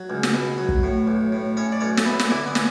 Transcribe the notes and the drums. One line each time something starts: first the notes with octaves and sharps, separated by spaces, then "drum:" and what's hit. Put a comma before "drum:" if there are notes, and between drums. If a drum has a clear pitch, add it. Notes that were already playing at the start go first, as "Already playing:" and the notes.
Already playing: F#3
C#2
drum: snare
B2
F#3
drum: kick
A2
B1
A2
A2 C#4 C#5
D5
B1 C#4 C#5
A4, drum: snare
E3 B3 B4
drum: snare
D3 E3 E4
B3
C#4, drum: snare